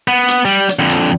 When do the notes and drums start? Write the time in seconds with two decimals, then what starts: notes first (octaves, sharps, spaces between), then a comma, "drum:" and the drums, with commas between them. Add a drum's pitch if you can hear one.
0.08 B3
0.28 drum: hi-hat
0.45 G3
0.69 drum: hi-hat
0.79 F2 D3
0.89 drum: hi-hat